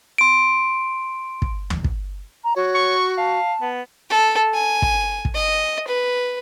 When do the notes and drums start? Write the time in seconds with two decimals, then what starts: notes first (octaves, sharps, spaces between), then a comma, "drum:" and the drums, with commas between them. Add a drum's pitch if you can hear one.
0.18 C6 D7
1.42 drum: kick
1.70 drum: tom
1.84 drum: kick
2.44 A#5
2.56 F#4 C#5
2.75 C#6
3.18 F5 A5
3.61 B3
4.10 A4
4.54 G#5
4.82 drum: kick
5.25 drum: kick
5.35 D#5
5.88 B4